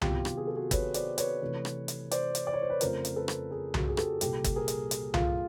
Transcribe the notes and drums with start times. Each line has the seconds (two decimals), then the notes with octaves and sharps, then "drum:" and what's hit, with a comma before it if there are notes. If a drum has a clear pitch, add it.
0.01 C3 D#3 F#3 B3 F4 G4, drum: tom C2
0.25 drum: rim click
0.37 G#4
0.47 A4
0.56 F#4 G#4
0.71 B4 C#5, drum: kick G1, hi-hat
0.94 C5 D5, drum: hi-hat
1.18 B4 C#5, drum: hi-hat
1.42 C3 E3 A3
1.65 drum: rim click
1.88 drum: hi-hat
2.11 C5 D5, drum: hi-hat
2.35 drum: hi-hat
2.47 D5
2.53 C#5
2.62 C5
2.69 B4 C#5
2.81 F2 C#3 F3 A3 C4 A#4 C5, drum: hi-hat
3.05 drum: hi-hat
3.16 A4 B4
3.28 drum: rim click
3.51 G#4 A#4
3.74 F#4 G#4, drum: tom C2
3.88 G#4
3.97 G4 A4, drum: rim click
4.21 C2 A#2 F3 G4 A4, drum: hi-hat
4.44 drum: kick G1, hi-hat
4.56 G#4 A#4
4.68 drum: hi-hat
4.91 drum: hi-hat
5.14 F4, drum: tom C2